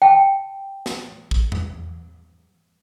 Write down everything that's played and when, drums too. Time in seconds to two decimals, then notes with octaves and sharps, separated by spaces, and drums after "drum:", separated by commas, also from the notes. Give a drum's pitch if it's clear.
0.02 G5 A5
0.86 drum: snare
1.31 drum: kick
1.52 drum: tom E2